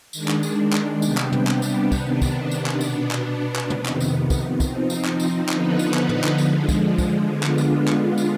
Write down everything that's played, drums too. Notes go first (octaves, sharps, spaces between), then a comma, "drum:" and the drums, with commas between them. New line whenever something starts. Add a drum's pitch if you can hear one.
D#3 G#3 D4, drum: tambourine
drum: clap
drum: tambourine
drum: clap
C3 G3 B3 D4 G4, drum: tambourine
drum: clap
drum: tom
drum: clap
drum: tambourine
C3 D#3 B3 D4, drum: kick, tambourine
drum: kick, tambourine
drum: tambourine
drum: clap
B2 B3 D4, drum: tambourine
drum: clap
drum: clap
F2 C3 D#3 B3, drum: tom
drum: clap
drum: tambourine
drum: kick, tambourine
F3 C4 D#4, drum: kick, tambourine
drum: tambourine
drum: clap
drum: tambourine
D3 F3 B3 D#4 B4, drum: clap
drum: tambourine
drum: clap
drum: tom
drum: clap
D3 F3 G#3, drum: tambourine
drum: kick, tambourine
drum: kick, tambourine
D3 G#3 B3 D4 F4
drum: clap
drum: tambourine
drum: clap
drum: tambourine